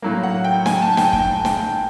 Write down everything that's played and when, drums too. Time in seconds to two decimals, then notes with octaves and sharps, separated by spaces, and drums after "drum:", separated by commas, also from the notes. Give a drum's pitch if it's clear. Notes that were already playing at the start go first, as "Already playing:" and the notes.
0.02 A2 F#3 A#3
0.23 F#5
0.44 G5
0.66 G#5, drum: snare
0.82 A5
0.97 G5, drum: snare
1.13 G5, drum: kick
1.45 drum: snare